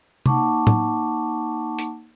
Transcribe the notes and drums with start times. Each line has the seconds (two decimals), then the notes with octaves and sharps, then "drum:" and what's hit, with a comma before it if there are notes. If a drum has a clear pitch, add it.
0.26 A#3 D#4 F#5 A5 C#6 D6, drum: tom C3
0.67 drum: tom A2
1.79 drum: hi-hat